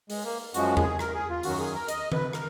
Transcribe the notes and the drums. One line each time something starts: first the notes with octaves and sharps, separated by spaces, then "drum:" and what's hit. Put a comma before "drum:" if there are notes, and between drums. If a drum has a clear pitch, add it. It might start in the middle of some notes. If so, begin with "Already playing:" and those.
G#3, drum: open hi-hat
A#3
F#2 F3 G#3 F#4, drum: hi-hat
G#4, drum: tom E2
A#4, drum: rim click
G#4
F4
F#2 D#3 F#3 F#4, drum: open hi-hat
G#4
A#4
D#5, drum: hi-hat
B4, drum: tom D#3
A#4, drum: rim click